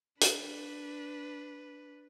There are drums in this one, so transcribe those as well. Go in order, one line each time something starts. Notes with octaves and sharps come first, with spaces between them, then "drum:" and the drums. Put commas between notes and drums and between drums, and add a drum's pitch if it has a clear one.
D4 B4, drum: hi-hat